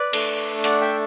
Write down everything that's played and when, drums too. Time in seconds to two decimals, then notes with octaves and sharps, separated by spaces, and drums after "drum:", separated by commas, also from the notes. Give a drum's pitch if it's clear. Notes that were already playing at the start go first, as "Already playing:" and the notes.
Already playing: B4 D5
0.13 A3 D4 A4, drum: cymbal
0.64 D5 F#5, drum: open hi-hat
0.81 E5 G5